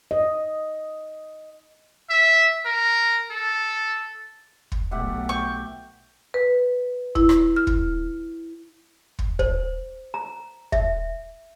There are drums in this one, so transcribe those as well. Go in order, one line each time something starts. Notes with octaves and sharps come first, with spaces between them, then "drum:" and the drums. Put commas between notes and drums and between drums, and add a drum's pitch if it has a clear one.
D#5
E5
A#4
A4
drum: kick
B1 A3 G4 E5 F#5
G5 C#6
B4
E4, drum: kick
drum: rim click
F6
drum: kick
drum: kick
C5, drum: kick
A#5
E5, drum: kick